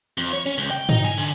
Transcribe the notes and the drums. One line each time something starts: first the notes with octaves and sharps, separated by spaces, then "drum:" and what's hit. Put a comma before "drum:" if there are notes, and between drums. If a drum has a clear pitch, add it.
F2
C#5
C#4
C#2
G5
D#4, drum: tom G#2
G#5, drum: open hi-hat
D3